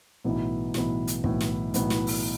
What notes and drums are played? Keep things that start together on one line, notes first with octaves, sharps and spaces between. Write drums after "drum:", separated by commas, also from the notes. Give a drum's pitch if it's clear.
B1 A2 E3 B3 E4
B1 A2 E3 B3 E4, drum: snare
drum: hi-hat
B1 A2 E3 B3 E4, drum: kick
drum: snare
B1 A2 E3 B3 E4, drum: hi-hat
drum: snare
drum: open hi-hat